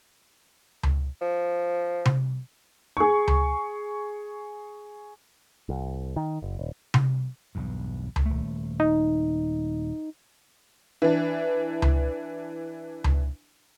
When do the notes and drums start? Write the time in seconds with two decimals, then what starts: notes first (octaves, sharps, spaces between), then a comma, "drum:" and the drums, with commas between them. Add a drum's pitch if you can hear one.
0.83 drum: tom C#2
1.22 F3
2.05 drum: tom C3
2.97 G#4 C#6
3.28 drum: tom C#2
5.69 C2
6.16 D#3
6.42 F#1
6.59 D#1
6.94 drum: tom C3
7.55 B1 E2 G2
8.16 drum: tom C#2
8.26 D#1 A3
8.80 D#4
11.02 E3 D4
11.82 drum: tom C#2
13.04 drum: tom C#2